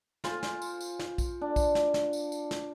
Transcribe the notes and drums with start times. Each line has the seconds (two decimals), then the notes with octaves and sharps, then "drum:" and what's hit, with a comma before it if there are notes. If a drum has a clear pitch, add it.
0.24 F4 C5 G#5 C6, drum: snare
0.43 drum: snare
0.62 drum: tambourine
0.81 drum: tambourine
0.99 drum: snare
1.18 drum: kick A#1, tambourine
1.41 D4
1.56 drum: kick A#1, tambourine
1.75 drum: snare
1.94 drum: snare
2.13 drum: tambourine
2.32 drum: tambourine
2.51 drum: snare